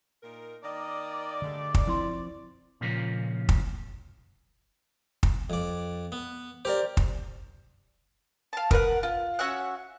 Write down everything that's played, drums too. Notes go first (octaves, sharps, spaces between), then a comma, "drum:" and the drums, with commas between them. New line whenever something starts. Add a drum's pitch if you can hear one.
A#2 D#4 A#4
D#3 A#3 D5 D#5
G2 D3 G#3 A3
drum: kick
F3 C4 E4 C6
A#2 C#3 F3 C#4 F4 A#4
drum: kick
drum: kick
F2 D5
B3
G4 A#4 C5 D5
drum: kick
F5 A5
A#4 B4 F5 F#5, drum: kick
F4
C#4 F#4 E5 F#6